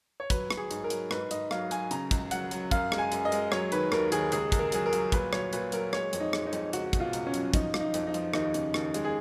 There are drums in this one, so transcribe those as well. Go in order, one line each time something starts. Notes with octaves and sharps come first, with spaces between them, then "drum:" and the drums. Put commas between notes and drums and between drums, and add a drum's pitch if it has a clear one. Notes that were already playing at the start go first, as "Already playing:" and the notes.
C#5
F#3 B4, drum: kick, hi-hat
F#3, drum: rim click
G#4
G#2, drum: hi-hat
A#4
F#3, drum: hi-hat
G#2 B4, drum: rim click
G#2 D#5, drum: hi-hat
F#3 F5, drum: rim click
F#3 G#5, drum: hi-hat
C#3 A#5, drum: hi-hat
C#2, drum: kick, hi-hat
F#3 F#5, drum: hi-hat
F#3, drum: hi-hat
F#2 F5, drum: kick, hi-hat
G#3, drum: rim click
G#5
F#2, drum: hi-hat
D#5
G#3, drum: hi-hat
F#3 C#5, drum: rim click
D#3 B4, drum: hi-hat
D#2 A#4, drum: rim click
D#2 G#4, drum: hi-hat
C#2 G#4, drum: hi-hat
C#2, drum: kick, hi-hat
A#4
F#3 G#4, drum: hi-hat
A#4
F#3, drum: hi-hat
A#2 B4, drum: kick, hi-hat
F#3 C#5, drum: rim click
A#2 B4, drum: hi-hat
F#3 A#4, drum: hi-hat
G#3 C#5, drum: rim click
F2, drum: hi-hat
D#4
G#3, drum: rim click
D#4
F2, drum: hi-hat
C#2 F#4, drum: hi-hat
B2, drum: kick, hi-hat
F4
C#2, drum: hi-hat
C#4
F#3, drum: hi-hat
F3 D#4, drum: kick, hi-hat
F3, drum: rim click
D#4
F2, drum: hi-hat
D#4
F3, drum: hi-hat
D#2 D#4, drum: rim click
C#3, drum: hi-hat
D#2, drum: rim click
G#3, drum: hi-hat
G#4